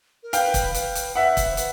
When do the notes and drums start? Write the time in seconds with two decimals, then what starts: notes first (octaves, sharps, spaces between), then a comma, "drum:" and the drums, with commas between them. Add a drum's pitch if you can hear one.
0.23 A#4
0.33 B4 F5 G5, drum: hi-hat
0.54 drum: kick, hi-hat
0.74 B4, drum: hi-hat
0.95 drum: hi-hat
1.15 B4 E5 F#5
1.37 drum: kick, hi-hat
1.50 C5
1.57 B4, drum: hi-hat